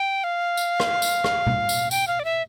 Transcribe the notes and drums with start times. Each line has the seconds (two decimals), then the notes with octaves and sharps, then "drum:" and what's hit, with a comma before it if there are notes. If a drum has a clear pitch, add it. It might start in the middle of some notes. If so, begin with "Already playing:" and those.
Already playing: G5
0.24 F5
0.57 drum: tambourine
0.80 drum: rim click
1.02 drum: tambourine
1.24 drum: rim click
1.47 drum: tom B2
1.69 drum: tambourine
1.91 G5, drum: tambourine
2.08 F5
2.20 D5
2.25 E5